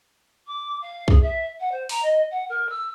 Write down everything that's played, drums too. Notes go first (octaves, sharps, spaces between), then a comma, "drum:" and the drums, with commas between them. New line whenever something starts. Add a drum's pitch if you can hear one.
D6
F5
G#4, drum: kick B1
E5
F#5
C5
A#5, drum: open hi-hat
D#5
F#5
A#4
E6